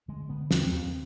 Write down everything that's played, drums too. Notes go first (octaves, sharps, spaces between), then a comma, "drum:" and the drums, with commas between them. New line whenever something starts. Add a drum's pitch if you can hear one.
D3 G#3
D3 B3
D#2 C4, drum: snare
D#2